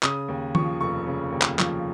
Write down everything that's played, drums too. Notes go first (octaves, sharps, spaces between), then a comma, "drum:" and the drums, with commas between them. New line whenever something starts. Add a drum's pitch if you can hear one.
C#3 D#6, drum: clap
D#2
F3 C#6, drum: tom D#3
F1 C#6
C#3
D#2
drum: clap
F3, drum: clap